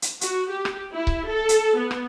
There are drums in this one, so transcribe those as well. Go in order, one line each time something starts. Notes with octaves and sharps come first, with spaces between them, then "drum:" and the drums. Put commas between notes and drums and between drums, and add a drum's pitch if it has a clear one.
drum: hi-hat
F#4, drum: hi-hat
G4
drum: rim click
E4
drum: kick C#1
A4
drum: hi-hat
B3
drum: rim click